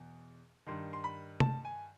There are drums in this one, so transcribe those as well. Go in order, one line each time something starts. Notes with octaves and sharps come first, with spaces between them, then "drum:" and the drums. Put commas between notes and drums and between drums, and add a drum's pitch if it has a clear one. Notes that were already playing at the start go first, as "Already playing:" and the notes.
Already playing: E2 B2
G2 D#3 C6
C6
B5
A5, drum: tom C3
G#5